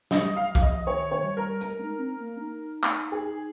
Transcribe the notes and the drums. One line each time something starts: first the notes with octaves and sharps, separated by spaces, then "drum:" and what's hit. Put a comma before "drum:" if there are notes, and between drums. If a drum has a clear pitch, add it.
G3 D#5, drum: snare
F5
F3
F5, drum: kick
D#5
F3
D#3 C#5
C#5
G3
A#4
G#3 A#4, drum: tambourine
D#4
C4
A#3
D#4
drum: clap
G#4